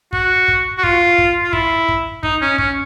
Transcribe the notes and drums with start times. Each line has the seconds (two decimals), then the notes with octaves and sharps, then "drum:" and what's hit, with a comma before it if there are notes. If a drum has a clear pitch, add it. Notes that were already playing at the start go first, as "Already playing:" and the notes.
0.13 F#4, drum: kick
0.48 drum: kick
0.78 F#4
0.83 F4, drum: kick
1.18 drum: kick
1.43 F4
1.53 E4, drum: kick
1.88 drum: kick
2.23 D#4, drum: kick
2.41 C#4
2.58 C#4, drum: kick